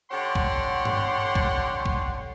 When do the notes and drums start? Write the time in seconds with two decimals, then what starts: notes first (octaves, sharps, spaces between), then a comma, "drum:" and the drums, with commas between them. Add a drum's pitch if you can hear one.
0.10 D3 G4 C#5 F#5 C6
0.35 drum: kick
0.85 drum: tom G2
1.35 drum: kick
1.85 drum: kick